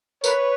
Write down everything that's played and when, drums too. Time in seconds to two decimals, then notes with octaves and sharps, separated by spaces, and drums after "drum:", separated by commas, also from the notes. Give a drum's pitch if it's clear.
0.24 A#4 B4 C#5, drum: tambourine